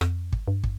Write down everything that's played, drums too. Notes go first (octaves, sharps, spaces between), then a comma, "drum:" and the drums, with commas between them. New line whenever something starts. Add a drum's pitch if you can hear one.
F2, drum: rim click
drum: kick
G2
drum: kick